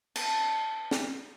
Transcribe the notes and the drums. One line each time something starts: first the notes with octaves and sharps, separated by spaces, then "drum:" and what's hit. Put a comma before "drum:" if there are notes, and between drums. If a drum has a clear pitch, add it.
A5, drum: cymbal
drum: snare